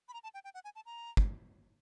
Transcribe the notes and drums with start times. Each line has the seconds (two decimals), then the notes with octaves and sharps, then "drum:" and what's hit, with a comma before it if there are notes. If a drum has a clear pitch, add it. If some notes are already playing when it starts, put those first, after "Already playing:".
0.09 B5
0.14 A#5
0.23 A5
0.34 G5
0.44 G5
0.54 F#5
0.65 G#5
0.76 A5
0.86 A#5
1.17 drum: kick